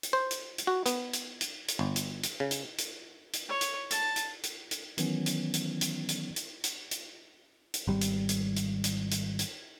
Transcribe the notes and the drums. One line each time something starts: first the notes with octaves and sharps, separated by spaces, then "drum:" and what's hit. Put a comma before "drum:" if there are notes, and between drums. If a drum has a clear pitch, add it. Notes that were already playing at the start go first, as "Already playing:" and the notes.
drum: hi-hat
C5
drum: hi-hat
drum: hi-hat
F#4
B3, drum: hi-hat
drum: hi-hat
drum: hi-hat
drum: hi-hat
G1
drum: hi-hat
drum: hi-hat
C#3
drum: hi-hat
drum: hi-hat
drum: hi-hat
C#5
drum: hi-hat
A5, drum: hi-hat
drum: hi-hat
drum: hi-hat
drum: hi-hat
D#3 E3 F#3 B3 C#4, drum: hi-hat
drum: hi-hat
drum: hi-hat
drum: hi-hat
drum: hi-hat
drum: hi-hat
drum: hi-hat
drum: hi-hat
drum: hi-hat
G#1 G3
drum: hi-hat
drum: hi-hat
drum: hi-hat
drum: hi-hat
drum: hi-hat
drum: hi-hat